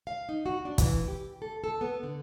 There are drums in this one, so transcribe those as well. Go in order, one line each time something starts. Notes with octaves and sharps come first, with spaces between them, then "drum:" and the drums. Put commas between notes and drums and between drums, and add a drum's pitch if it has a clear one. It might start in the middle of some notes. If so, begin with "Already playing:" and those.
F5
D#4
F#4
D4
E3, drum: kick, hi-hat
G4
A4
A4
B3
D3